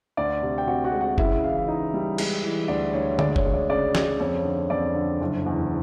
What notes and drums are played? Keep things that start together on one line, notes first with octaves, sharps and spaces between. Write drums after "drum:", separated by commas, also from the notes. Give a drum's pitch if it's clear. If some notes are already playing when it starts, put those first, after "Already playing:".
D2 D5
C3
G5
C3 F#4 F#5
F#4 F#5
G#3
F#4 F#5
C#3 E4 E5, drum: kick F#1
E3 F5
E5
E3 D#4 D#5
G3
G#3, drum: cymbal
E3
D2 D5
D2 C#5
G#3 D5, drum: tom D3
C#5, drum: kick F#1
G#3
D5
C#3 D5
C#3, drum: snare
F2 C#5
D3
F2 D5
D3
F#1
E2